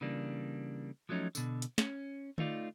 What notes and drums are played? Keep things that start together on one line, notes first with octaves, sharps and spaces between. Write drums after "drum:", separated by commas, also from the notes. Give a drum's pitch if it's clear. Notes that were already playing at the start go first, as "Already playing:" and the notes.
C#3 E3 G3 A#3 D4
F3 F#3 A3 C#4 D#4
B2 D3, drum: tambourine
drum: hi-hat
C#4, drum: snare
A3 D#4 F4 D5, drum: tom D3